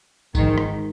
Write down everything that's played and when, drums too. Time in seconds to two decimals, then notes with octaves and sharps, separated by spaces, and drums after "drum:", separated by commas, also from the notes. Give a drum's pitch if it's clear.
0.35 G#2 D#3, drum: kick G1, tambourine
0.58 drum: rim click